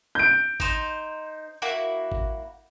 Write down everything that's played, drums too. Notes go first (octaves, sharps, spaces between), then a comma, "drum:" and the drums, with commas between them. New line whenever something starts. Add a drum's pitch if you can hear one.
G6 D7
D#4 C5, drum: kick G#1
A#3 E4 F#4
drum: kick G#1